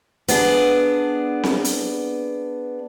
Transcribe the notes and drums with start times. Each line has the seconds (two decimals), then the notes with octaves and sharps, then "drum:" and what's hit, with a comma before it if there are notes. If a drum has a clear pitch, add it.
0.28 B3 D4 G#4, drum: hi-hat
1.44 drum: snare C4
1.65 drum: hi-hat